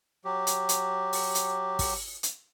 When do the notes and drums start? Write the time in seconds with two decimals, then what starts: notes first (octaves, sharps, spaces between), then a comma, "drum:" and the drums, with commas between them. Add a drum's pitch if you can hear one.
0.25 F#3 G4
0.47 drum: hi-hat
0.69 drum: hi-hat
1.13 drum: open hi-hat
1.35 drum: hi-hat
1.79 drum: kick, open hi-hat
2.23 drum: hi-hat